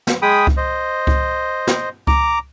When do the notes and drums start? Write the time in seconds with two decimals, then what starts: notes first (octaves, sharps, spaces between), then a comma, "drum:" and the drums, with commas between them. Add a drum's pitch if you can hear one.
0.07 drum: snare
0.22 G#3 G#4 G5 B5 D#6
0.47 drum: kick C#2
0.57 C5 D#5
1.07 drum: kick C#2
1.67 drum: snare
2.07 A#5 D6, drum: kick C#2